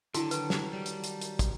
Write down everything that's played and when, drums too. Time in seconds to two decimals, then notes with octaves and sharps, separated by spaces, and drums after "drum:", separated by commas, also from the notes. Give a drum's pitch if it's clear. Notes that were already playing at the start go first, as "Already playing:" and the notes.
0.14 D3 D#3 F#3 E4 F#4 A4, drum: hi-hat
0.31 B4, drum: hi-hat
0.50 drum: snare
0.73 G3
0.86 drum: hi-hat
1.04 drum: hi-hat
1.21 drum: hi-hat
1.39 drum: kick, hi-hat